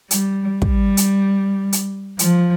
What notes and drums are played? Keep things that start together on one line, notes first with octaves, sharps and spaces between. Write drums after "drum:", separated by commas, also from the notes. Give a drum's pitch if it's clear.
G3, drum: hi-hat
G3, drum: kick
drum: hi-hat
drum: hi-hat
F3, drum: hi-hat